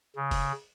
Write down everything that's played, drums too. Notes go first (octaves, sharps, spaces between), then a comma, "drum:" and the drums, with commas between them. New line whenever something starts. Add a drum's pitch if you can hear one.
C#3
drum: kick F1, open hi-hat